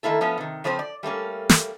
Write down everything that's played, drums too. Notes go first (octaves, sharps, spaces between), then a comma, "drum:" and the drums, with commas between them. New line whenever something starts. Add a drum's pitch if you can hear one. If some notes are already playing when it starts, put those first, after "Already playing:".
D#3 A3 A#3 E4 A4
F3 A3 B3 C#4
C3 D#3
C#3 F3 C4 C5
D5
G3 A3 A#3 C#4
drum: snare